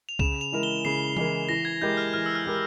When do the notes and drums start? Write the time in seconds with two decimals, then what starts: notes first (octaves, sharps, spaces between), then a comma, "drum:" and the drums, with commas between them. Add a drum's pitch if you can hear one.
0.09 F7
0.19 C#3 E7, drum: kick
0.41 F7
0.52 E3 G#3 E4 A#4
0.63 G7
0.85 C#3 C7
1.17 E3 G#3 E4 A#4, drum: tom
1.49 E3 A#6
1.65 G#6
1.81 G#3 E4 G4 A#4 G6
1.97 F6
2.14 E3 F6
2.26 E6
2.35 F6
2.46 G#3 E4 G4 A#4